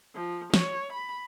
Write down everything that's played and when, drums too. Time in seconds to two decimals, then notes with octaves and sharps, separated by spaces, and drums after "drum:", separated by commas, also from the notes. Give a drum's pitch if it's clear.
0.15 F3
0.54 C#5, drum: snare
0.93 B5